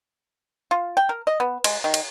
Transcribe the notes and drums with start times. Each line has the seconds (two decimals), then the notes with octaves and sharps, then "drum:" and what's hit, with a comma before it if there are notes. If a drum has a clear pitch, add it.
0.71 F4
0.97 G5
1.09 A#4
1.27 D#5
1.40 B3
1.64 G#3, drum: cymbal
1.84 D#3
1.94 drum: cymbal